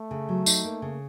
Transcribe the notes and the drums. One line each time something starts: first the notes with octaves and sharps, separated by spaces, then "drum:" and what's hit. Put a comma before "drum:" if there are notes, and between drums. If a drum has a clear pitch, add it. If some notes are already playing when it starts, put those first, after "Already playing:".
Already playing: A3
C#3
F#3
D#4, drum: tambourine
A#3
C#3